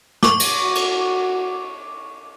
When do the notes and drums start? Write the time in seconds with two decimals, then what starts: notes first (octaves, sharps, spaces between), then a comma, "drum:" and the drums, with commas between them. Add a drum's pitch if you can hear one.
0.23 C#6 D6, drum: snare
0.40 drum: cymbal
0.63 F#4
0.75 drum: cymbal